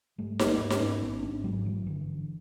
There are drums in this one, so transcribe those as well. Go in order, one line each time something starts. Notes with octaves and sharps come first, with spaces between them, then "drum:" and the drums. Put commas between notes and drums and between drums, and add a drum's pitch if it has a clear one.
G#2 G3 A3
G#1, drum: snare D#4
G#3 A#3
G#2
C4, drum: snare D#4
B3 C#4
G#2
G#1 B3 C#4
G#1 C4 D4
G#2 F#3 G#3
G#1 E3 F#3
G1 D3 E3
D3